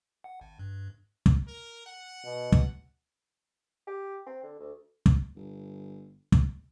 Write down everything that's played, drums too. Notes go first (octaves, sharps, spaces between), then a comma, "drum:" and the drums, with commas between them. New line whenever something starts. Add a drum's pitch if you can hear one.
F#5
G#1
G2
drum: kick
A#4
F#5
B2
drum: kick
G4
C4
D3
D2
drum: kick
G1
drum: kick